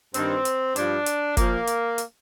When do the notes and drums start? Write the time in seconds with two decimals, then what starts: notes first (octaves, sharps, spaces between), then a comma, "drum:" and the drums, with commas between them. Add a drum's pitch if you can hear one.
0.14 G2 D#3 C4, drum: hi-hat
0.45 drum: hi-hat
0.76 G2 F3 D4, drum: hi-hat
1.06 drum: hi-hat
1.37 A#2 F3 A#3, drum: kick F#1, hi-hat
1.67 drum: hi-hat
1.98 drum: hi-hat